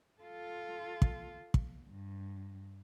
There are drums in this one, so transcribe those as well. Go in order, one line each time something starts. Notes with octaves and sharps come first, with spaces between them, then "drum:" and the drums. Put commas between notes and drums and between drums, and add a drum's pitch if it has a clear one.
F4 A4
drum: kick
drum: kick
G2